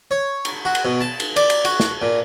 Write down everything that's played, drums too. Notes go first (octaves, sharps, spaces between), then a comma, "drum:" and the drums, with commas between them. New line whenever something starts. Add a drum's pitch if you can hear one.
C#5
drum: cymbal
F#4
drum: cymbal
B2
A5
drum: cymbal
D5, drum: cymbal
drum: cymbal
F#4, drum: cymbal
drum: snare
A#2